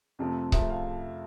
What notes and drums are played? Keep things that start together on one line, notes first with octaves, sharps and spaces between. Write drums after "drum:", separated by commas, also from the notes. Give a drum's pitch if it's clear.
F2 C3 F3 A3
F2 C3 F3 A3 E5, drum: kick C#1
F5